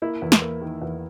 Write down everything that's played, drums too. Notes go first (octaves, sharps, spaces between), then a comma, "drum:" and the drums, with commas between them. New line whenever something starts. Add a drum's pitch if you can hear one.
A#3 E4
E2
drum: snare
A#3
D#3
E2